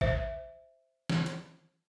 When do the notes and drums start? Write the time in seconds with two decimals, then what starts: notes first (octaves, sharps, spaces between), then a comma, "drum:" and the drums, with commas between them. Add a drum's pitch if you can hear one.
0.01 C5 E5, drum: kick
1.10 drum: snare
1.26 drum: hi-hat